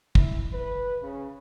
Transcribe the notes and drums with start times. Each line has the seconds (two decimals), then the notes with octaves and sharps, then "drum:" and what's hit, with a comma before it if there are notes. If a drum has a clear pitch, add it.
0.15 E4, drum: kick
0.53 B4
1.02 C#3